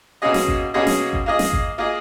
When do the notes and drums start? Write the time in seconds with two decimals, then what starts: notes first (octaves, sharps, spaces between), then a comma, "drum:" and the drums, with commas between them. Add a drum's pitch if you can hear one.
0.22 B2 A#3 C#4 G#4 D#5
0.34 drum: snare
0.47 drum: kick G#1
0.74 B2 A#3 C#4 G#4 D#5
0.87 drum: snare
1.13 drum: kick G#1
1.26 A#3 F4 G#4 D#5
1.39 drum: snare
1.52 drum: kick G#1
1.78 A#3 F4 G#4 D#5